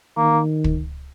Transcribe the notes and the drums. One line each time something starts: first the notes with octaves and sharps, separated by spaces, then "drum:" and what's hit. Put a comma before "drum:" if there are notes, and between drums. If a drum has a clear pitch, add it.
D#3 A#3
drum: kick